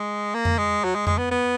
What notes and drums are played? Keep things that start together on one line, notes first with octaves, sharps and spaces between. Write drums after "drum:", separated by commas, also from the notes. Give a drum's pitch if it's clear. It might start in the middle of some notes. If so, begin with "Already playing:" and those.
Already playing: G#3
A#3
drum: tom F2
G#3
F#3
G#3
G#3, drum: tom F2
B3
B3